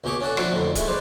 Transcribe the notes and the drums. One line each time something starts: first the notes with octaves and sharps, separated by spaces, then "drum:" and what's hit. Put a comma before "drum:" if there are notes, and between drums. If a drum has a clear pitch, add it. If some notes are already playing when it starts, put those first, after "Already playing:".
C#2 B2 G4 G#4 C#6 D6
C#4 D4 F#4 A4
F3 C4 D4 E4 F#4, drum: rim click
F2 A2 D3 D#3
G#3 A3 E4, drum: kick, hi-hat
G3 G#3 B4 C5 D5